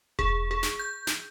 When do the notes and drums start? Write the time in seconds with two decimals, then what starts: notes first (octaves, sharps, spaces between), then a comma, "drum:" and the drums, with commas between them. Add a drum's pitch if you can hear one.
0.19 G#4, drum: kick E1
0.51 G#4
0.63 drum: snare
0.79 G6
1.07 drum: snare